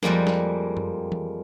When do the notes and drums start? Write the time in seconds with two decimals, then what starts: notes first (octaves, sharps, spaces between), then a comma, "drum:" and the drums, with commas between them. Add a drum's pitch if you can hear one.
0.03 F2 G3 G#3 A#3, drum: snare
0.27 drum: snare
0.77 drum: tom F#2
1.12 drum: tom E3